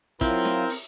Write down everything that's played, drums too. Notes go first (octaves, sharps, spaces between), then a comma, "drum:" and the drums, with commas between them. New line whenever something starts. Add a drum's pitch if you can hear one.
F#3 C4 E4 F4 A#4, drum: kick, hi-hat
drum: snare
drum: open hi-hat